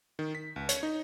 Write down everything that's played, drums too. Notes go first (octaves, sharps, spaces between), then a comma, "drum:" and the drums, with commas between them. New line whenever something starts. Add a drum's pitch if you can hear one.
D#3
B6
C#2
C#5, drum: hi-hat
D#4